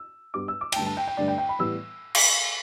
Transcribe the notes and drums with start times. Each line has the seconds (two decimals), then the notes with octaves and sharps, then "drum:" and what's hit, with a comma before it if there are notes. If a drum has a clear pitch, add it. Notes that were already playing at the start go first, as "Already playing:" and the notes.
Already playing: E6
0.34 G2 G3 B3 D6
0.48 E6
0.61 D6
0.72 G5, drum: cymbal
0.76 G2 D3 A3 A5
0.86 A5
0.97 G5
1.07 G5
1.17 G2 D3 A3 D5
1.28 G5
1.38 G5
1.49 B5
1.59 A2 E3 G3 B3 E6
2.15 drum: cymbal